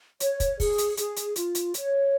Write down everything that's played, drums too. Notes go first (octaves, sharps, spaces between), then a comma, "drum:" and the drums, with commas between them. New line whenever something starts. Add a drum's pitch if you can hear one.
C#5, drum: hi-hat
drum: kick, hi-hat
G#4, drum: kick, open hi-hat
drum: hi-hat
G#4, drum: hi-hat
drum: hi-hat
F4, drum: hi-hat
drum: hi-hat
C#5, drum: hi-hat